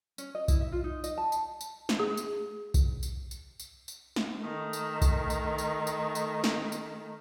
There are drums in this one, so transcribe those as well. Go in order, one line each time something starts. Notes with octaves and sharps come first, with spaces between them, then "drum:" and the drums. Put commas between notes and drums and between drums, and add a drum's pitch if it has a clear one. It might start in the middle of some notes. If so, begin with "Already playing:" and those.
C#4, drum: tambourine
D#5
E4, drum: kick B1, tambourine
E5
F4
D#4
D#5, drum: tambourine
A5
drum: tambourine
drum: tambourine
drum: snare
G#4
drum: tambourine
drum: kick B1, tambourine
drum: tambourine
drum: tambourine
drum: tambourine
drum: tambourine
drum: snare
D#3 A3
drum: tambourine
drum: kick B1, tambourine
drum: tambourine
drum: tambourine
drum: tambourine
drum: tambourine
drum: snare
drum: tambourine